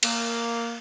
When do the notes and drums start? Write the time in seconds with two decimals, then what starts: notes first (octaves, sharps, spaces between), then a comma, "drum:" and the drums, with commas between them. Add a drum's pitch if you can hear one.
0.03 A#3, drum: cymbal